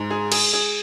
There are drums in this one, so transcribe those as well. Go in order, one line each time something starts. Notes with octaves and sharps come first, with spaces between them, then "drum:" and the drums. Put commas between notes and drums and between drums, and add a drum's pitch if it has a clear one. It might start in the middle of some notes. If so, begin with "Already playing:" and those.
Already playing: G#2 G#3
G#4
G#4, drum: cymbal
G#4